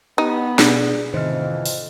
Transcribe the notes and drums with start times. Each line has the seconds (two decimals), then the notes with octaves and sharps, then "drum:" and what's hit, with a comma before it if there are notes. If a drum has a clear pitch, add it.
0.18 B3 D#4 G4
0.59 B2 D4 G#4 D5, drum: snare
1.14 F2 A2 C3 D#3 E3 C5 D#5 F6
1.66 drum: open hi-hat